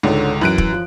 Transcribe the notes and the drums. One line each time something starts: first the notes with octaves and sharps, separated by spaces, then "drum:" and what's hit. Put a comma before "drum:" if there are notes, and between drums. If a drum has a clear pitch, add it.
C#2 G#2 D3 C#4 A4
F#2 E3 F#6 D7
drum: kick
F3